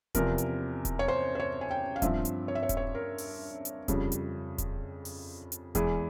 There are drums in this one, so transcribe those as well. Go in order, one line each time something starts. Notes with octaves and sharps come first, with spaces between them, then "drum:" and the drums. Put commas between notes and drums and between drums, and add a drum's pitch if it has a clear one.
E2 C3 F3 A#4, drum: kick D#1, hi-hat
drum: hi-hat
drum: kick D#1, hi-hat
C#5
C5
C5
C#5
G#5
G5
F5
G2 F3 C4 E5, drum: kick D#1, hi-hat
drum: hi-hat
C#5
E5
C#5
E5, drum: kick D#1, hi-hat
C#5
A#4
drum: open hi-hat
drum: hi-hat
F2 C#3 G3, drum: kick D#1, hi-hat
drum: hi-hat
drum: kick D#1, hi-hat
drum: open hi-hat
drum: hi-hat
E2 E3 G#3 G#4, drum: kick D#1, hi-hat